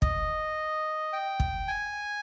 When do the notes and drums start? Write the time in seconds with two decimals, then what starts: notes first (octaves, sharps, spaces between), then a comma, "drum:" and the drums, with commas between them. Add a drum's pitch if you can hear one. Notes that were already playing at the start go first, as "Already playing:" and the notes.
0.02 D#5, drum: kick
1.13 G5
1.40 drum: kick
1.68 G#5